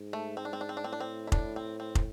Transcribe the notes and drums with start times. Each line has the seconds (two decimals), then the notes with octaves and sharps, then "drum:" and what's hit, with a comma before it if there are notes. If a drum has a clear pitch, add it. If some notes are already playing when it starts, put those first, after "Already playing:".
Already playing: G#2
0.13 A3
0.37 C4
0.45 D4
0.53 C4
0.61 D4
0.69 C4
0.77 D4
0.84 A2 C4
0.93 D4
1.00 C4
1.27 E4
1.32 D4, drum: kick
1.56 C4
1.80 C4
1.95 drum: kick